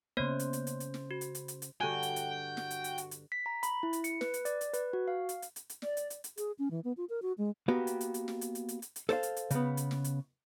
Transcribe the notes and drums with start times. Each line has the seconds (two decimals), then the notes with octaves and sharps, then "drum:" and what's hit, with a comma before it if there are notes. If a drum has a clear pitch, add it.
0.17 C#3 A#3 B3 C5 C#5
0.39 drum: hi-hat
0.53 drum: hi-hat
0.67 drum: hi-hat
0.80 drum: hi-hat
0.94 drum: snare
1.11 F#4
1.21 drum: hi-hat
1.35 drum: hi-hat
1.48 drum: hi-hat
1.62 drum: hi-hat
1.80 G2 D3 F#4 G5 G#5
2.03 drum: hi-hat
2.16 drum: hi-hat
2.57 drum: snare
2.71 drum: hi-hat
2.84 drum: hi-hat
2.98 drum: hi-hat
3.11 drum: hi-hat
3.32 B6
3.46 A#5
3.63 B5, drum: hi-hat
3.83 E4
3.93 drum: hi-hat
4.04 C#7, drum: hi-hat
4.21 B4, drum: snare
4.34 drum: hi-hat
4.45 D5, drum: hi-hat
4.61 drum: hi-hat
4.74 B4, drum: hi-hat
4.93 F#4
5.08 F5
5.29 drum: hi-hat
5.42 drum: hi-hat
5.56 drum: hi-hat
5.70 drum: hi-hat
5.82 D5, drum: snare
5.97 drum: hi-hat
6.10 drum: hi-hat
6.24 drum: hi-hat
6.37 G#4, drum: hi-hat
6.59 C#4
6.71 E3
6.84 B3
6.97 F4
7.09 A#4
7.22 F#4
7.38 G#3
7.68 A#3 B3 F#4 G4
7.87 drum: hi-hat
8.01 drum: hi-hat
8.14 drum: hi-hat
8.28 drum: snare
8.41 drum: hi-hat
8.55 drum: hi-hat
8.69 drum: hi-hat
8.82 drum: hi-hat
8.96 drum: hi-hat
9.09 A4 C5 C#5 F5, drum: snare
9.23 drum: hi-hat
9.36 drum: hi-hat
9.51 C#3 B3, drum: hi-hat
9.77 drum: hi-hat
9.91 drum: snare
10.04 drum: hi-hat